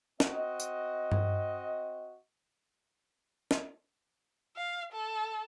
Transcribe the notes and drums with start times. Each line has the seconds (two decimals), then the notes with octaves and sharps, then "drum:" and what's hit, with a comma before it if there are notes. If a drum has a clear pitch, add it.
0.20 C4 F#4 D#5, drum: snare
0.60 drum: tambourine
1.12 drum: tom G2
3.51 drum: snare
4.57 F5
4.92 A4